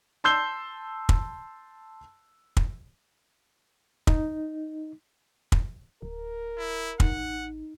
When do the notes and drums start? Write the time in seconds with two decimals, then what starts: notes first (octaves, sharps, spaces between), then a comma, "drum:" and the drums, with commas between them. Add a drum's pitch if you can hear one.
0.24 A5 C6 E6 G6 C7 G7
1.09 drum: kick
2.57 drum: kick
4.07 D#4, drum: kick
5.52 drum: kick
6.02 D1 A#4
6.57 E4
7.00 A1 D#4 F#5, drum: kick